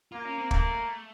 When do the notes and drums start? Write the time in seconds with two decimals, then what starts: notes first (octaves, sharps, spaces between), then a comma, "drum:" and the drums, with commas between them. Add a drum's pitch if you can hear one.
0.12 A#3 F4
0.25 C#4
0.38 C4
0.51 A3 A#3, drum: kick